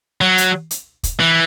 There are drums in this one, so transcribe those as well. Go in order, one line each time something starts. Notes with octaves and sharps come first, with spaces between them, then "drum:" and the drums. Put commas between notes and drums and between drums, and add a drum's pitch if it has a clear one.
F#3
drum: hi-hat
drum: hi-hat
drum: kick, hi-hat
E3